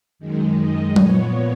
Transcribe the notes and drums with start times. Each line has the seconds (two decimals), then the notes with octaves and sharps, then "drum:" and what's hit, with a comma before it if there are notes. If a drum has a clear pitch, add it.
0.19 F#2 D#3 G#3
0.58 D#5
0.96 A#2 F3 B3 C#5, drum: tom F#3